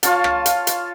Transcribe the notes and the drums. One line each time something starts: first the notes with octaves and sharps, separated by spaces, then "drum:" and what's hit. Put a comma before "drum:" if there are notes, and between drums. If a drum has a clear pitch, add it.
F4 C#5 F5 A5, drum: hi-hat
drum: rim click
drum: hi-hat
drum: hi-hat